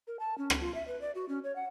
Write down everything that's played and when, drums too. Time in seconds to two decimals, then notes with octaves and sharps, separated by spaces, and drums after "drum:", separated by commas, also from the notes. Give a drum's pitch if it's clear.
0.07 A#4
0.20 A5
0.38 C#4
0.50 drum: rim click
0.61 F4
0.75 E5
0.88 B4
1.01 D5
1.15 F#4
1.29 C#4
1.44 C#5
1.56 F#5